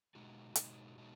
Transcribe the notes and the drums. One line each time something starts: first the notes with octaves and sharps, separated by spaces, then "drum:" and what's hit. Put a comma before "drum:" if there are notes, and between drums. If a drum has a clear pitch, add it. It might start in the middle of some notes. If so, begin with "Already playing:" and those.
B2 G#3 D#4 F#4
B2 G#3 D#4 F#4, drum: hi-hat
B2 G#3 D#4 F#4